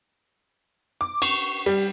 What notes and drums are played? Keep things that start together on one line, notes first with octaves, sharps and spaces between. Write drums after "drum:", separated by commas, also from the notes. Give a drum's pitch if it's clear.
D6
C#6, drum: cymbal
G3